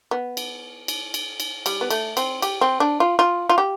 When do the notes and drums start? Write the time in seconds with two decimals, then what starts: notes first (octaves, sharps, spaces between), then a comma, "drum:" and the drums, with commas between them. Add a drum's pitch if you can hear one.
0.11 B3
0.37 drum: cymbal
0.88 drum: cymbal
1.14 drum: cymbal
1.40 drum: cymbal
1.66 G3, drum: cymbal
1.81 B3
1.90 A3, drum: cymbal
2.17 C4, drum: cymbal
2.42 G4, drum: cymbal
2.61 C4
2.80 D4
3.00 F4
3.19 F4
3.49 F4
3.58 G4